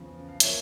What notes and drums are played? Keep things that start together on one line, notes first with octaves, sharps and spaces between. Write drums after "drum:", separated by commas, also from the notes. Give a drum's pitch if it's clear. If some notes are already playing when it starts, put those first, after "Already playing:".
Already playing: E2 C#3 F3
F5
F3 A#3 C#5 E5, drum: hi-hat